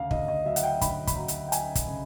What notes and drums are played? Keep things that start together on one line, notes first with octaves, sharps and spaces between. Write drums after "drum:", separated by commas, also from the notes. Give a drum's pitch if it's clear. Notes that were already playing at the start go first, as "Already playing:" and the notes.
Already playing: D2 C#3 F5
D2 D#5, drum: kick
D#5
F#3 E5
F#5, drum: hi-hat
G5
D2 B5, drum: kick, hi-hat
B5, drum: kick, hi-hat
F#3 A#5
drum: hi-hat
G5
F#3 G#5, drum: hi-hat
drum: kick, hi-hat
C#3